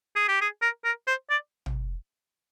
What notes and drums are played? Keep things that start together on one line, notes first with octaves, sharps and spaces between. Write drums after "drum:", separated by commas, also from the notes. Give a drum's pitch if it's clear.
G#4
G4
G#4
A#4
A#4
C5
D5
drum: tom